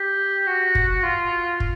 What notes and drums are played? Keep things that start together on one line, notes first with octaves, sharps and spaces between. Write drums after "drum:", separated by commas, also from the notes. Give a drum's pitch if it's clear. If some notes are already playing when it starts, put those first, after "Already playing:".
Already playing: G4
F#4
drum: kick
F4
drum: kick